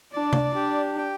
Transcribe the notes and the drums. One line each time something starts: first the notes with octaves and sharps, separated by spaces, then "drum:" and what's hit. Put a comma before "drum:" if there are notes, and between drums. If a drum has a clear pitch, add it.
D4 D5
drum: tom C3
D4 G4
G5